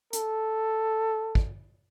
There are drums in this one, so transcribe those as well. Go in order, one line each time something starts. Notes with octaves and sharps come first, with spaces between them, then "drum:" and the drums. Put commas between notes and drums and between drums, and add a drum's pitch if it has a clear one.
A4, drum: hi-hat
drum: kick